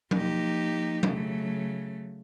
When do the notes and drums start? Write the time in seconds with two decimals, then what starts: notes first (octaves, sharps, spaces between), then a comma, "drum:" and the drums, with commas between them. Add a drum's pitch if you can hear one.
0.11 F3 A#3 D#4 G4, drum: tom F#3
1.03 C#3 F#3 A3, drum: tom F#3